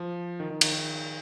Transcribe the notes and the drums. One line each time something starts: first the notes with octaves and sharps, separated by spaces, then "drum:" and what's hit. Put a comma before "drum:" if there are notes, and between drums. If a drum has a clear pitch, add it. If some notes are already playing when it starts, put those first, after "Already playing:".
Already playing: F3
D#3
D#3
D#3, drum: cymbal
D#3